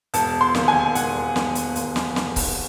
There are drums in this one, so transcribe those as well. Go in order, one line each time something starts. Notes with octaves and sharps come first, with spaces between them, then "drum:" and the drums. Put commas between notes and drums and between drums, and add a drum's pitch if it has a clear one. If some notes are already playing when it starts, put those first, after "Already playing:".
E1 A5, drum: hi-hat
C6
D#2, drum: snare
G#5
E1 F#5, drum: hi-hat
E1, drum: snare
drum: hi-hat
D#2, drum: hi-hat
drum: snare
E1, drum: snare
drum: kick C#1, open hi-hat